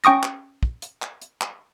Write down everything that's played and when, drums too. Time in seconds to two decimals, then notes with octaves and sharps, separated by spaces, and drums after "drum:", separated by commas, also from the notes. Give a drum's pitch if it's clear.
0.04 C#4 G5 C#6 D#6 A#6, drum: hi-hat
0.23 drum: clap
0.63 drum: kick
0.82 drum: hi-hat
1.02 drum: clap
1.22 drum: hi-hat
1.41 drum: clap